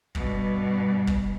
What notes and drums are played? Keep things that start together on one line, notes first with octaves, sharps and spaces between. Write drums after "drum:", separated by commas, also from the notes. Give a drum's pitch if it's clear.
G2 B2, drum: kick
drum: kick